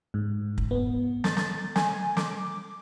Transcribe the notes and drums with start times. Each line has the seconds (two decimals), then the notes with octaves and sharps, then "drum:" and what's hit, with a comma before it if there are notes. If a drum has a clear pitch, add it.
0.14 G#2
0.58 drum: kick
0.71 B3
1.24 A6, drum: snare
1.37 drum: snare
1.76 G#5, drum: snare
2.17 D6, drum: snare